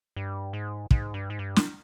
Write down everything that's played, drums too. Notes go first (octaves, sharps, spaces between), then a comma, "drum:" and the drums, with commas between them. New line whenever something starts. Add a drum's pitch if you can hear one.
G2
G#2
G#2, drum: kick
G2
G#2
G2
drum: snare